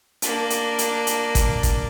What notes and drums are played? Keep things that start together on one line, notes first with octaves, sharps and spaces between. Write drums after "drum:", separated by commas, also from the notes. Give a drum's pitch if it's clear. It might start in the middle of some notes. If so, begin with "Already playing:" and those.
A#3 D4, drum: hi-hat
drum: hi-hat
drum: hi-hat
drum: hi-hat
drum: kick, hi-hat
drum: kick, hi-hat